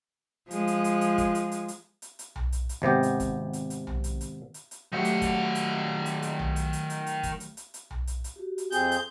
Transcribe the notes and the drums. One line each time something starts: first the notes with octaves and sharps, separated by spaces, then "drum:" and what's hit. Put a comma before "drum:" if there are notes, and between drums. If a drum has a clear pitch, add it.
F3 G#3, drum: hi-hat
drum: hi-hat
drum: hi-hat
drum: hi-hat
drum: kick, hi-hat
drum: hi-hat
drum: hi-hat
drum: hi-hat
drum: hi-hat
drum: hi-hat
drum: tom B1
drum: hi-hat
drum: hi-hat
G#1 C3 B3 G4
drum: hi-hat
drum: kick, hi-hat
drum: hi-hat
drum: hi-hat
drum: tom B1
drum: hi-hat
drum: hi-hat
drum: hi-hat
drum: hi-hat
D#3 F#3 A3 G4 F#5
drum: hi-hat
drum: kick, hi-hat
drum: hi-hat
drum: hi-hat
drum: hi-hat
drum: tom B1
drum: hi-hat
drum: hi-hat
drum: hi-hat
drum: hi-hat
drum: kick, hi-hat
drum: hi-hat
drum: hi-hat
drum: hi-hat
drum: tom B1
drum: hi-hat
drum: hi-hat
F#4 G4
drum: hi-hat
F2 C4 G#4 C6 G6, drum: hi-hat
drum: hi-hat